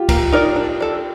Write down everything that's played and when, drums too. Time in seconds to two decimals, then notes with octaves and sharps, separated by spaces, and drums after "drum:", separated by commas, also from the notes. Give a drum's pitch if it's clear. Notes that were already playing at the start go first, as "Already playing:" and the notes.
Already playing: F4 G4
0.09 A#3, drum: kick, cymbal
0.32 D#4 A#4 D5
0.56 D4
0.80 A4 D5